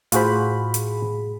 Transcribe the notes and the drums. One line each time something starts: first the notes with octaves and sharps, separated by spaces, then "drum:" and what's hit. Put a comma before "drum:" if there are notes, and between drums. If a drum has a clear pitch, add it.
A2 F4 F#4 G#4 C5 B5, drum: hi-hat
drum: hi-hat